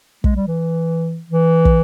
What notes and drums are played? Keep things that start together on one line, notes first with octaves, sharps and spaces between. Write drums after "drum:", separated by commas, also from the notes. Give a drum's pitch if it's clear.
G#3, drum: kick
G3
E3
E3
drum: kick